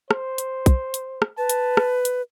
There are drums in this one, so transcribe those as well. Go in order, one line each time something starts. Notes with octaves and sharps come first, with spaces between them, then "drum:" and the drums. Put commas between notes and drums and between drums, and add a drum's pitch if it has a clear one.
C5, drum: rim click
drum: hi-hat
drum: kick, hi-hat
drum: hi-hat
drum: rim click
B4 A5
drum: hi-hat
drum: rim click
drum: hi-hat